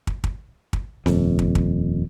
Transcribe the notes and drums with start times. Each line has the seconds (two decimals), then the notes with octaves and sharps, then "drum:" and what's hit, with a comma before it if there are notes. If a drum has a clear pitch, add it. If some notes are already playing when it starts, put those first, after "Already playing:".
0.07 drum: kick
0.24 drum: kick
0.73 drum: kick
1.06 D#1 F2, drum: snare C4
1.39 drum: kick
1.55 drum: kick